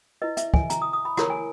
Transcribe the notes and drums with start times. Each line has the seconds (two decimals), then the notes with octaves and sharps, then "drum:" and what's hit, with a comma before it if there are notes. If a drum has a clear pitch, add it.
0.22 E4 B4 D#5
0.37 E5, drum: hi-hat
0.54 G#5, drum: kick
0.70 A#5, drum: hi-hat
0.82 D#6
0.93 D#6
1.05 B5
1.17 E4 A#4 C#5 A#5, drum: rim click
1.30 G#5